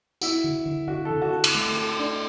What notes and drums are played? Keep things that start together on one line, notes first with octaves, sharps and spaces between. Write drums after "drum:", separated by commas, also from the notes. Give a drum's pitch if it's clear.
E4 F#4, drum: tambourine
D3
D3
D3 F#4
A4
D3
F#4
A4
drum: cymbal
A3
A4
D4